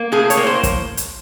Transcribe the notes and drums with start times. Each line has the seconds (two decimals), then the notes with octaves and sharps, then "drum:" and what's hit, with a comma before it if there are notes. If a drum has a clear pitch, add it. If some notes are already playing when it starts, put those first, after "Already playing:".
Already playing: A#3
0.12 A2 G#4
0.30 C#5, drum: hi-hat
0.37 A#3
0.47 C5
0.63 drum: kick, hi-hat
0.97 drum: hi-hat